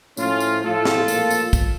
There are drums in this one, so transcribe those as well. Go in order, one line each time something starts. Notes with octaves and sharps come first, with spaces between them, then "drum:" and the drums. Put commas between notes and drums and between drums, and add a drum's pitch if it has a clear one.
A2 F3 C#4 F4, drum: tambourine
drum: tambourine
A2 F3 F4 A4
drum: snare
A#2 F3, drum: tambourine
drum: tambourine
drum: kick, tambourine